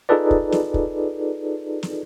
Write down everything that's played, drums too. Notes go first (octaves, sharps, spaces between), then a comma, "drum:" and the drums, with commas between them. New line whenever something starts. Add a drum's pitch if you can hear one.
D#4 F4 G#4 A4 B4 D5
drum: kick
drum: snare
drum: kick
drum: snare